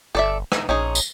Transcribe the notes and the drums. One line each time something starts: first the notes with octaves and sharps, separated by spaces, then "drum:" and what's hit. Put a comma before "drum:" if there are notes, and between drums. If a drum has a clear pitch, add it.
G1 A4 D5 E5
D#4 G#5, drum: rim click
A#1 C#4 D#4 G#4
drum: tambourine